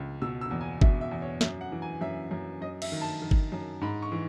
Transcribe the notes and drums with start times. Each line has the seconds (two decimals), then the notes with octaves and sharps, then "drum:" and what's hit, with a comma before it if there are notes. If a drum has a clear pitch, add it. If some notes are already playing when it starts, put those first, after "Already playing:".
Already playing: C#2
0.22 B2 E6
0.41 E6
0.51 E2
0.61 G#5
0.81 B2 E5, drum: kick G1
1.01 E5
1.11 E2
1.22 C#5
1.41 F#2 E5, drum: snare
1.61 F#5
1.72 E3
1.82 G#5
2.01 F#2 E5
2.31 F#2
2.61 F#2 D#5
2.82 E5, drum: cymbal
2.92 D#3
3.01 A5
3.22 D#3
3.31 drum: kick G1
3.52 F#2
3.81 G#2 B5
4.02 C#6
4.12 E3